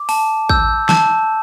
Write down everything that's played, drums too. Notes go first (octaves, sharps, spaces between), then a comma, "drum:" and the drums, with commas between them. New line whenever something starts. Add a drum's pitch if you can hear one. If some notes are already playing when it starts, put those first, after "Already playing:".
Already playing: D6
A5, drum: open hi-hat
E6 G6, drum: kick
A5, drum: snare